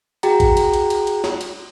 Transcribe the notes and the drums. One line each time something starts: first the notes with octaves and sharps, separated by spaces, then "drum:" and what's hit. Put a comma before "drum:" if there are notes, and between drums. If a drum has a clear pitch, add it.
F#4 G#4 G5 A#5, drum: cymbal
drum: kick A1, cymbal
drum: cymbal
drum: cymbal
drum: cymbal
drum: cymbal
drum: snare
drum: cymbal